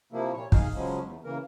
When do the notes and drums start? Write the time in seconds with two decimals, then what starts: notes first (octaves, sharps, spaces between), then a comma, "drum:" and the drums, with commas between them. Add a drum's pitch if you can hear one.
0.12 C3 F3 A#3 E4
0.33 A#2 C#5
0.52 D#4 G#4 F5, drum: kick
0.75 C#3 F3 F#3 G#3 C#4
1.03 E2
1.24 C#3 E3 A#3 A#4